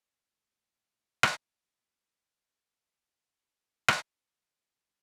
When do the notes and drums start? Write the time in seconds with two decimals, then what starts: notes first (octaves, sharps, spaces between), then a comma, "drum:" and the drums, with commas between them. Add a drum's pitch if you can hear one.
0.14 A2 A3
1.23 drum: rim click
3.88 drum: rim click
4.72 G2 G3